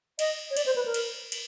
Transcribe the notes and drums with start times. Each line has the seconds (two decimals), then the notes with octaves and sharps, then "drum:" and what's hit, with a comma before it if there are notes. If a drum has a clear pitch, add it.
0.19 D#5, drum: cymbal
0.50 C#5
0.57 D5, drum: cymbal
0.66 C5
0.76 B4
0.85 A#4
0.94 drum: cymbal
1.32 drum: cymbal